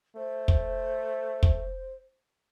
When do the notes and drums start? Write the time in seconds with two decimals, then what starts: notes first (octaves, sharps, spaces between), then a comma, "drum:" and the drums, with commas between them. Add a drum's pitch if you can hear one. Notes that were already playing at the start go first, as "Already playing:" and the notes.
0.17 A3 C5
0.48 drum: kick
1.43 drum: kick